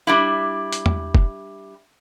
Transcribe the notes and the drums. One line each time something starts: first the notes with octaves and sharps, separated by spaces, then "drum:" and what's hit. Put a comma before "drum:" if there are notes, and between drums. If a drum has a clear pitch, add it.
G3 D4 E4
drum: hi-hat
drum: tom E2
drum: kick